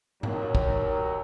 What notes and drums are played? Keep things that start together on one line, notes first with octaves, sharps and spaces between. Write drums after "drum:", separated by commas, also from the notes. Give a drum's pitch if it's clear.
D#2 F#3, drum: tom G#2
drum: kick